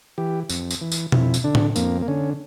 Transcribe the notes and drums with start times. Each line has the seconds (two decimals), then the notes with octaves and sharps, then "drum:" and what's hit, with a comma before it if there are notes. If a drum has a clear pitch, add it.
0.18 E3 G4
0.49 F2, drum: tambourine
0.71 drum: tambourine
0.81 E3
0.92 drum: tambourine
1.12 F2 E4, drum: tom B2
1.34 drum: tambourine
1.44 D3 D4
1.55 drum: tom A2
1.76 F2 A#3, drum: tambourine
2.02 A#3
2.08 D3 C#4